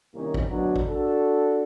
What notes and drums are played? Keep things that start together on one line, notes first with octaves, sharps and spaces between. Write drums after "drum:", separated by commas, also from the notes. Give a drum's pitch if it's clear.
C2 D#3 A#3 C#4 D#4
drum: kick
D2 B2 F#3 D4
drum: kick
D4 F#4 A4